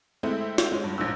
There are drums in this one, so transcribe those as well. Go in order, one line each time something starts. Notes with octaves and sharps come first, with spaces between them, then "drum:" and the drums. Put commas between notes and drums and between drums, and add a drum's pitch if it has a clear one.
G#3 A3 C4 E4
drum: snare
G#3 C#4
G2
A#1 G#2 E6